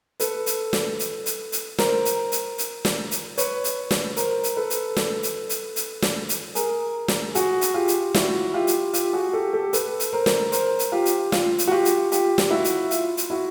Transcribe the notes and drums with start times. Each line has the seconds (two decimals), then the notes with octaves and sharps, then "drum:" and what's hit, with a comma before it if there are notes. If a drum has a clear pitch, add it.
0.20 A4 B4, drum: hi-hat
0.46 drum: hi-hat
0.73 drum: snare
0.99 drum: hi-hat
1.26 drum: hi-hat
1.52 drum: hi-hat
1.78 A#4 C5, drum: snare
2.05 drum: hi-hat
2.32 drum: hi-hat
2.58 drum: hi-hat
2.85 drum: snare
3.11 drum: hi-hat
3.38 B4 C#5, drum: hi-hat
3.64 drum: hi-hat
3.91 drum: snare
4.16 A#4 C5, drum: hi-hat
4.44 drum: hi-hat
4.56 A4 B4
4.70 drum: hi-hat
4.96 drum: snare
5.23 drum: hi-hat
5.49 drum: hi-hat
5.76 drum: hi-hat
6.02 drum: snare
6.29 drum: hi-hat
6.55 G#4 A#4, drum: hi-hat
7.08 drum: snare
7.35 F#4 G#4, drum: hi-hat
7.61 drum: hi-hat
7.74 F4 G4
7.88 drum: hi-hat
8.14 E4 F#4, drum: snare
8.54 F4 G4
8.67 drum: hi-hat
8.94 F4 G4, drum: hi-hat
9.13 F#4 G#4
9.33 G4 A4
9.53 G4 A4
9.73 A4 B4, drum: hi-hat
10.00 drum: hi-hat
10.13 A#4 C5
10.26 drum: snare
10.52 A#4 C5, drum: hi-hat
10.79 drum: hi-hat
10.92 F4 G4
11.06 drum: hi-hat
11.32 F4, drum: snare
11.58 drum: hi-hat
11.68 F#4
11.71 F4 G4
11.85 drum: hi-hat
12.12 F4 G4, drum: hi-hat
12.38 drum: snare
12.51 E4 F#4
12.64 drum: hi-hat
12.91 F4, drum: hi-hat
13.17 drum: hi-hat
13.30 E4 F#4